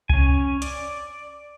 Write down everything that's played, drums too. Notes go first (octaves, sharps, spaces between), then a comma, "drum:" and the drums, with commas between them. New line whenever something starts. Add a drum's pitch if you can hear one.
C#4 G#5, drum: kick C2
D5, drum: hi-hat